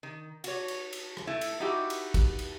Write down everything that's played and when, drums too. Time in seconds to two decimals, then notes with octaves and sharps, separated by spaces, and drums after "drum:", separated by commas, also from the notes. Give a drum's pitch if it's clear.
0.03 D#3
0.44 F#4 C#5, drum: cymbal
0.68 drum: cymbal
0.93 drum: cymbal
1.17 drum: rim click
1.27 A3 E4
1.41 drum: cymbal
1.60 D#4 E4 F#4 G4
1.90 drum: cymbal
2.14 drum: kick, cymbal
2.39 drum: cymbal